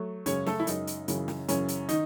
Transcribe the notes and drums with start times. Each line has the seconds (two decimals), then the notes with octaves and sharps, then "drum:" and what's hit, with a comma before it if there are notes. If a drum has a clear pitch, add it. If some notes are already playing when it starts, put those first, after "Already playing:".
Already playing: F#3 A3
0.26 F#2 C#3 G#3 C#4 C#5, drum: hi-hat
0.46 A3 A4, drum: snare
0.59 E4
0.67 F#2 C#3 G#3 D#4, drum: hi-hat
0.87 drum: hi-hat
1.08 F#2 C#3 E3, drum: hi-hat
1.28 drum: snare
1.48 F#2 C#3 E3 C#4, drum: hi-hat
1.68 drum: hi-hat
1.89 D#3 D#4, drum: hi-hat